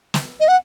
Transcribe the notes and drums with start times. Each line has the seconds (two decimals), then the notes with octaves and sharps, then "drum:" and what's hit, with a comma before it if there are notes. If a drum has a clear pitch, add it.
0.14 drum: snare
0.40 D#5
0.48 F#5